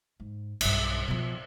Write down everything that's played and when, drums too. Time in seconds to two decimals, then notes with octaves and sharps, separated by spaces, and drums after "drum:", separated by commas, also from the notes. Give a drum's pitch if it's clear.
0.20 G#2
0.61 B1 G2, drum: cymbal
1.08 B2 F3